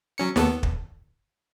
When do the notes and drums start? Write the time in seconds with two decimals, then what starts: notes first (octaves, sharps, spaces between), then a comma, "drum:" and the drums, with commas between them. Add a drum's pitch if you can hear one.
0.18 F#3 C#4 C#7
0.36 D#2 B3 A4, drum: snare
0.63 drum: kick